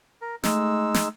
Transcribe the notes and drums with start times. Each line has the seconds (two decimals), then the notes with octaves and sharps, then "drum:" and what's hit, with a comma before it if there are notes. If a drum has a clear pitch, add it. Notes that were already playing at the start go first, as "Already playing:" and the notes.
0.22 A#4
0.44 G#3 A3 D#4 E6, drum: snare
0.94 drum: snare